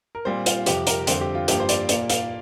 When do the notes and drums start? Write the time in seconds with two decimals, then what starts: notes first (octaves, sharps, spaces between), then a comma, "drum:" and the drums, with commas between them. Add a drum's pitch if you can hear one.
0.15 A#4
0.25 A#2 G3 C4 C5
0.46 F4, drum: hi-hat
0.66 F2 C3 F3 G4, drum: hi-hat
0.87 A#4, drum: hi-hat
1.07 F2 D3 G3 C4 C5, drum: hi-hat
1.21 G4
1.35 F4
1.48 G2 F3 A#3 G4, drum: hi-hat
1.60 C5
1.69 D5, drum: hi-hat
1.89 A#2 A#3 D5, drum: hi-hat
2.10 F5, drum: hi-hat